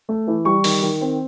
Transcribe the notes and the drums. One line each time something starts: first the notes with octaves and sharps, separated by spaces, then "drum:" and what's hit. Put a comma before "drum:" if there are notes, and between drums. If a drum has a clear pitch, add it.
A3
E3
G3 C#6
D#3, drum: open hi-hat
D#3
C4